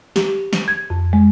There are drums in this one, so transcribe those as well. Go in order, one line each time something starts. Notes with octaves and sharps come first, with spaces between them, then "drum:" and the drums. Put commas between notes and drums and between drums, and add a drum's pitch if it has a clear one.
G4, drum: snare
drum: snare
G#6
F2
G#3